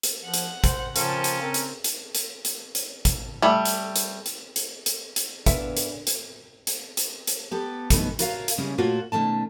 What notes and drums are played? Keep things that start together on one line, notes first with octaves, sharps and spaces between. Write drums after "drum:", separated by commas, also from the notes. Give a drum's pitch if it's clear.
drum: hi-hat
F3 F#5
drum: hi-hat
C5, drum: kick G#1, hi-hat
C#3 F3 C#4 A#4 G5 A5, drum: hi-hat
drum: hi-hat
C4 A#4
drum: hi-hat
drum: hi-hat
drum: hi-hat
drum: hi-hat
drum: hi-hat
drum: kick G#1, hi-hat
G3 A3
drum: hi-hat
drum: hi-hat
drum: hi-hat
drum: hi-hat
drum: hi-hat
drum: hi-hat
E3 B3 D4 A4 E5 F5, drum: kick G#1, hi-hat
drum: hi-hat
drum: hi-hat
drum: hi-hat
drum: hi-hat
drum: hi-hat
B3 G4 A4
F#2 B2 D#3 E3 A3 B3, drum: kick G#1, hi-hat
F4 F#4 A#4 C#5 D5 F5, drum: hi-hat
drum: hi-hat
C#3 G3 G#3 A#3 C#4 E4
A#2 A3 A#3 F4 F#4 C#5
B2 D#3 A3 C#4 A5